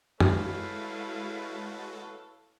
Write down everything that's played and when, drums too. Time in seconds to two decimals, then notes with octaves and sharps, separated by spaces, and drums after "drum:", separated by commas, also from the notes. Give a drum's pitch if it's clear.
0.20 G#3 A3 E4 F#4 A4 B4 C#5 F5, drum: tom F#2